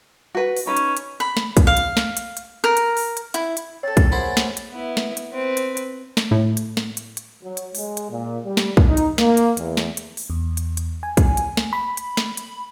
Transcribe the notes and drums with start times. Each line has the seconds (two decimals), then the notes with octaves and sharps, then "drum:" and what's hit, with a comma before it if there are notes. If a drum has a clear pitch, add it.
0.35 F#4 B4
0.57 drum: open hi-hat
0.67 C#4 D#4 B4
0.77 drum: hi-hat
0.97 drum: hi-hat
1.20 B5
1.37 drum: snare
1.57 drum: kick, hi-hat
1.67 F5
1.77 drum: hi-hat
1.97 drum: snare
2.17 drum: hi-hat
2.37 drum: hi-hat
2.64 A#4
2.77 drum: hi-hat
2.97 drum: open hi-hat
3.17 drum: hi-hat
3.34 E4, drum: hi-hat
3.57 drum: hi-hat
3.83 C4 A4 C#5 A6
3.97 drum: kick, hi-hat
4.12 A#3 G#4 C5 E5 F#5 B5
4.37 drum: snare
4.57 drum: hi-hat
4.70 B3 E4
4.97 drum: snare
5.17 drum: hi-hat
5.32 C4 B4
5.57 drum: hi-hat
5.77 drum: hi-hat
6.17 drum: snare
6.31 A2
6.57 drum: hi-hat
6.77 drum: snare
6.97 drum: hi-hat
7.17 drum: hi-hat
7.42 F#3
7.57 drum: hi-hat
7.75 G#3, drum: open hi-hat
7.97 drum: hi-hat
8.10 A#2
8.44 G3
8.57 drum: snare
8.77 drum: kick
8.88 D#4
8.97 drum: hi-hat
9.18 A#3, drum: snare
9.37 drum: hi-hat
9.57 E2, drum: hi-hat
9.77 drum: snare
9.97 drum: hi-hat
10.17 drum: open hi-hat
10.30 E2
10.57 drum: hi-hat
10.77 drum: hi-hat
11.03 G#5
11.17 drum: kick, hi-hat
11.37 drum: hi-hat
11.57 drum: snare
11.73 B5
11.97 drum: hi-hat
12.17 drum: snare
12.37 drum: hi-hat